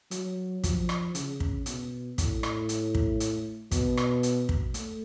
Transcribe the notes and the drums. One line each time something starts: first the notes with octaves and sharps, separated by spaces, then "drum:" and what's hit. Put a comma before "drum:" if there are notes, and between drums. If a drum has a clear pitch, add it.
F#3, drum: hi-hat
F3, drum: kick, hi-hat
drum: rim click
C#3, drum: hi-hat
drum: kick
B2, drum: hi-hat
A2, drum: kick, hi-hat
drum: rim click
drum: hi-hat
drum: kick
drum: hi-hat
B2, drum: kick, hi-hat
drum: rim click
drum: hi-hat
drum: kick
A3, drum: hi-hat